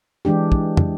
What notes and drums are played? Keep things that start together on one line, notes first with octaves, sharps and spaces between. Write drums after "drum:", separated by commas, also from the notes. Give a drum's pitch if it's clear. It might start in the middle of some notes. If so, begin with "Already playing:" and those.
E3 G#3 D4 G4
drum: kick
drum: tom